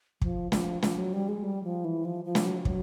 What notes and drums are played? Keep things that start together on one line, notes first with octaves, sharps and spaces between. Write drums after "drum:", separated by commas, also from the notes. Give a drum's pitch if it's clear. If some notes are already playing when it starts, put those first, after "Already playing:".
F3, drum: kick
F3, drum: snare
F3, drum: snare
F#3
G3
G#3
G3
F3
E3
F3
F3
drum: snare
F#3
F3
F#3, drum: kick